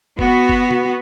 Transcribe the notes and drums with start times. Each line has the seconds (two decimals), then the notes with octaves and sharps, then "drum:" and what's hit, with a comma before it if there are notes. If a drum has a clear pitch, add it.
0.19 B3 F#4, drum: kick F#1
0.49 drum: kick F#1
0.71 drum: tom